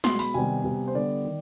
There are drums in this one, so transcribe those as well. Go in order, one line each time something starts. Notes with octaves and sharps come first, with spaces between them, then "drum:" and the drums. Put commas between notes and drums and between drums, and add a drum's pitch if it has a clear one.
B2 G#3 B3 C6, drum: snare
B5, drum: open hi-hat
C3 D#3 G3 B3 G#5
C3 G3 B3
C5
D3 G3 B3 D5
D#3